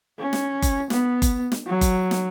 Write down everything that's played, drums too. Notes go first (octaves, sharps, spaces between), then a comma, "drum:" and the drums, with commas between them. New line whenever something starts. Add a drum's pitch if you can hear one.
C#4
drum: snare
drum: kick F#1, hi-hat
B3, drum: snare
drum: kick F#1, hi-hat
drum: snare
F#3
drum: kick F#1, hi-hat
drum: snare